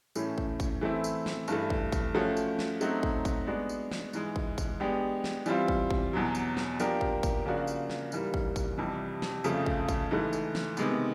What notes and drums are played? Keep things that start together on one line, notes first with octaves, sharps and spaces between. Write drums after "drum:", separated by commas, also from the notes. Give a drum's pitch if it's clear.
A2 E3 A3 C#4, drum: tambourine
drum: kick
drum: kick, tambourine
E3 A3 C4 E4
drum: tambourine
drum: snare
G2 E3 A3, drum: tambourine
drum: kick
drum: kick, tambourine
F3 A3 C#4 F#4
drum: tambourine
drum: snare
F#3 A3 C4 D#4 F#4, drum: tambourine
drum: kick
drum: kick, tambourine
G#3 B3 D4 F#4
drum: tambourine
drum: snare
G#2 E3 G#3, drum: tambourine
drum: kick
drum: kick, tambourine
G#3 B3 D4 G4
drum: snare
E3 G3 C4 F4, drum: tambourine
drum: kick
drum: kick
E2 B2 F#3
drum: tambourine
drum: snare
F3 A#3 D4 G4 A#4, drum: tambourine
drum: kick
drum: kick, tambourine
C#3 F3 A#3 D4 F#4
drum: tambourine
drum: snare
G#2 E3 G3 A#3, drum: tambourine
drum: kick
drum: kick, tambourine
F2 C3 E3 G3
drum: snare
F2 C#3 F3 A3, drum: tambourine
drum: kick
drum: kick, tambourine
G#2 E3 A3
drum: tambourine
drum: snare
C3 D#3 G#3 B3, drum: tambourine